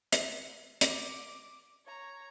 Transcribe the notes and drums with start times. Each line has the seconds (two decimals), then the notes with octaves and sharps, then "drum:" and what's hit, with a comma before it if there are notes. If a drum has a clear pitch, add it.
0.13 drum: hi-hat
0.81 D6, drum: hi-hat
1.86 C#5 A#5